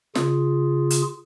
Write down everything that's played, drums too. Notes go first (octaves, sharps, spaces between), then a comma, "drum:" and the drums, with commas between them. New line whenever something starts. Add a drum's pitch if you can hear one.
C#3 F4 G#4, drum: snare
drum: hi-hat